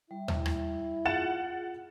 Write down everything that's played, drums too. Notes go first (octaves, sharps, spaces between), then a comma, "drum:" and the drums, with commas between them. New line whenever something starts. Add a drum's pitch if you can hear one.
G3 E4
drum: tom D#2
drum: rim click
F4 G#4 F#5 A6 E7